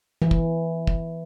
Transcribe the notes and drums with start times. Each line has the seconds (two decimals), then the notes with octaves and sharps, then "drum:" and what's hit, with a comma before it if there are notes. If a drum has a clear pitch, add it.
0.22 E3
0.31 drum: kick
0.87 drum: kick